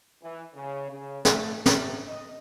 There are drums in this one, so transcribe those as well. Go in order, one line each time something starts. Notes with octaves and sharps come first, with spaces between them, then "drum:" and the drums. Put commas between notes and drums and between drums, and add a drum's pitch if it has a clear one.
E3
C#3
C#3
A3, drum: snare
C3, drum: snare
D#5